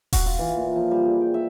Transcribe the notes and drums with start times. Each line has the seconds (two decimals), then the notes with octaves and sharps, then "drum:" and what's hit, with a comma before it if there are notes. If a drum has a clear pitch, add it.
0.13 F#4, drum: kick D#1, open hi-hat
0.26 F4
0.39 E3
0.56 A#2
0.76 F3
0.91 G3
1.04 G#4
1.21 G5
1.34 E5